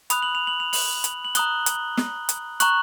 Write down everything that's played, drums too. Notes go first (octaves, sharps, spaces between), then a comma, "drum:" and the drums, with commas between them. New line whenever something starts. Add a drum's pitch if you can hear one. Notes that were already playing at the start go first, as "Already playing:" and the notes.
B5 D#6 F#6 F7, drum: hi-hat
F#7
F7
F#7
F7
F#7, drum: open hi-hat
drum: hi-hat
F#7
A#5 D#6 F#6 G7, drum: hi-hat
drum: hi-hat
drum: snare
drum: hi-hat
A#5 C#6 F#6 F#7, drum: hi-hat